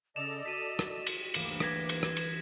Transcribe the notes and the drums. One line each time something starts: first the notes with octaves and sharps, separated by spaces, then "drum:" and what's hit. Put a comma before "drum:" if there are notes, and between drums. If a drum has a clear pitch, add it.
C#3 A4 D5 D#5 E7 F7
F#4 B6 D#7
drum: rim click
drum: cymbal
G1 D2 E3 A#3 D6, drum: cymbal
B4 G#6 A#6 B6, drum: rim click
drum: cymbal
drum: rim click
drum: cymbal